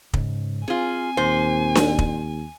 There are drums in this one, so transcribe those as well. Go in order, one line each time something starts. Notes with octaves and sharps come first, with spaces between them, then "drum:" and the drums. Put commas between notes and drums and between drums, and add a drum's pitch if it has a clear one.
G#2 C#3, drum: kick
C4 F4 G#4 G#5
D#2 A#2 C5
drum: snare D4
drum: kick